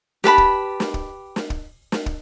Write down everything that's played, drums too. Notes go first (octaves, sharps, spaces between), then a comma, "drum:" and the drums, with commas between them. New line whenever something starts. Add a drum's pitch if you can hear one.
G4 B4 A5 B5, drum: snare
drum: kick
drum: snare
drum: kick
drum: snare
drum: kick
drum: snare
drum: kick